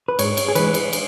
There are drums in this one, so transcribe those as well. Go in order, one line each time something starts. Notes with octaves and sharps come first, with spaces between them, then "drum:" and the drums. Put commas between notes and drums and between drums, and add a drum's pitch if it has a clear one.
B4
G#2 C#5, drum: cymbal
drum: cymbal
G#4
E3 G#3 B4, drum: cymbal
drum: cymbal
drum: cymbal